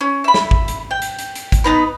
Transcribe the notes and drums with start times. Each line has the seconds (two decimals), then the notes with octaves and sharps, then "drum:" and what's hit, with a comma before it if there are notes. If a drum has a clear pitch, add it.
0.01 C#4
0.24 E5 B5
0.34 drum: snare
0.51 drum: kick G#1
0.68 drum: hi-hat
0.91 G5
1.02 drum: hi-hat
1.19 drum: hi-hat
1.35 drum: hi-hat
1.52 drum: kick G#1, hi-hat
1.64 B3 D#4 B4